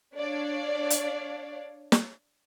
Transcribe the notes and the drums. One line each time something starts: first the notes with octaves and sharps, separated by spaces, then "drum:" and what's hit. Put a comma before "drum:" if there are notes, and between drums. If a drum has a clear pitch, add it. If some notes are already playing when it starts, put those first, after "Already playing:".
D4 C#5 D5 F5
drum: hi-hat
drum: snare